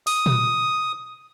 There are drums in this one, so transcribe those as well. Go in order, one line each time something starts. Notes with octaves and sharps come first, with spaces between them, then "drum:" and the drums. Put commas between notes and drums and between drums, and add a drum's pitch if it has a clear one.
D#6, drum: open hi-hat
drum: tom A#2